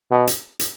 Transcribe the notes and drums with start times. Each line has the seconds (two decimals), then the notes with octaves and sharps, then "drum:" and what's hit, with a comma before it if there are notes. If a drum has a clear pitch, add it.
0.11 B2
0.27 drum: hi-hat
0.59 drum: hi-hat